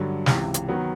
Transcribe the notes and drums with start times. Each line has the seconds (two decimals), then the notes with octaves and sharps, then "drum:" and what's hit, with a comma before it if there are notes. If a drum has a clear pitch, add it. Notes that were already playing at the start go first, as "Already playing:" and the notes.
Already playing: G2 D3 F#3
0.26 C#2 C3 E3, drum: snare
0.54 drum: hi-hat
0.68 D#3 F#3 B3